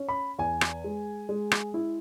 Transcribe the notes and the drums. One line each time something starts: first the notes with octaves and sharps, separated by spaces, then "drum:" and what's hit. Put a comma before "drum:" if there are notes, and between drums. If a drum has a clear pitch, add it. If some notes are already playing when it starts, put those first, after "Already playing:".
Already playing: C#4
B5
E2 G#5
drum: rim click
G#3
G#3
drum: rim click
E4